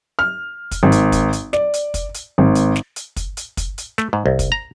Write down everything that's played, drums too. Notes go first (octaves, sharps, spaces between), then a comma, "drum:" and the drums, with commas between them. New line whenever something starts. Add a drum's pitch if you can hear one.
F6
drum: kick, hi-hat
G#1
drum: hi-hat
drum: kick, hi-hat
drum: hi-hat
D5, drum: snare
drum: hi-hat
drum: kick, hi-hat
drum: hi-hat
G#1
drum: hi-hat
drum: snare
drum: hi-hat
drum: kick, hi-hat
drum: hi-hat
drum: kick, hi-hat
drum: hi-hat
A3, drum: snare
G#2
C2
drum: kick, hi-hat
A#5